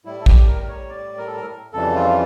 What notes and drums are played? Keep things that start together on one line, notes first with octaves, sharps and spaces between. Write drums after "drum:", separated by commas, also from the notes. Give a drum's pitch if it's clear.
A2 G3 E4
A4
G4, drum: kick A#1
A#4
A#4
C#5
D5
A#4
A4
A#4
F2 C#3 E3 G3 A4
F4